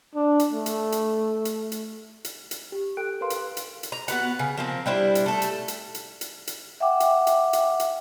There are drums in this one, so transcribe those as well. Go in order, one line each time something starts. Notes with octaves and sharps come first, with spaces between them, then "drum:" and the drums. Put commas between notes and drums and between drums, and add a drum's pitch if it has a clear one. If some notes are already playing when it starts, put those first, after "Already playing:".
D4
drum: hi-hat
A3
drum: hi-hat
drum: hi-hat
drum: hi-hat
drum: hi-hat
drum: hi-hat
drum: hi-hat
G4
A4 G5 F#6 D7
A#4 B4 F5 C6
drum: hi-hat
drum: hi-hat
drum: hi-hat
A#5
B3 F#4 B4 F#5, drum: hi-hat
C#3
F3 A#3 C4
G3 D4 E4 C5
drum: hi-hat
A3 A4
drum: hi-hat
drum: hi-hat
drum: hi-hat
drum: hi-hat
drum: hi-hat
E5 F#5 G5 D6
drum: hi-hat
drum: hi-hat
drum: hi-hat
drum: hi-hat